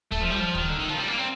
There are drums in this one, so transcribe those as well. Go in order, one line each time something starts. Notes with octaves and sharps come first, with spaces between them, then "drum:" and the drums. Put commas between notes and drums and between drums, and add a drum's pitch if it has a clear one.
A3, drum: kick
F3
G3
F3
D#3, drum: kick
D3
D#3
F3
G3
A#3
C4